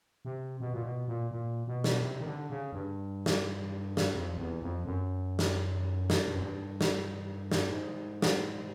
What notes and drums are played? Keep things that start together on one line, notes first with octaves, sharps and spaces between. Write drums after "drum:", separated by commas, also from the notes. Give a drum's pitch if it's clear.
C3
B2
A#2
B2
A#2
A#2
B2
drum: snare
C3
D#3
D3
C#3
G2
drum: snare
drum: snare
F2
E2
F2
F#2
drum: snare
drum: snare
G2
F#2
G2
drum: snare
drum: snare
G#2
drum: snare